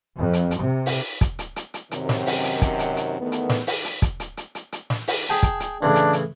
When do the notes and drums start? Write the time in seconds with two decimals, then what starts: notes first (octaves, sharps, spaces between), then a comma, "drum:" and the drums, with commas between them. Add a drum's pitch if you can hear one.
0.18 F2
0.33 drum: hi-hat
0.51 drum: hi-hat
0.61 C3
0.86 drum: open hi-hat
1.21 drum: kick, hi-hat
1.39 drum: hi-hat
1.56 drum: hi-hat
1.74 drum: hi-hat
1.91 F#2 C3 D#3, drum: hi-hat
2.09 drum: snare
2.27 drum: open hi-hat
2.44 drum: hi-hat
2.62 drum: kick, hi-hat
2.79 drum: hi-hat
2.97 drum: hi-hat
3.20 E2 D#3 A3 B3
3.32 drum: hi-hat
3.49 drum: snare
3.67 drum: open hi-hat
3.85 drum: hi-hat
4.02 drum: kick, hi-hat
4.20 drum: hi-hat
4.37 drum: hi-hat
4.55 drum: hi-hat
4.72 drum: hi-hat
4.90 drum: snare
5.08 drum: open hi-hat
5.29 G#4 G5 A5
5.43 drum: kick, hi-hat
5.60 drum: hi-hat
5.82 A2 C#3 E3 D4
5.95 drum: hi-hat
6.13 drum: hi-hat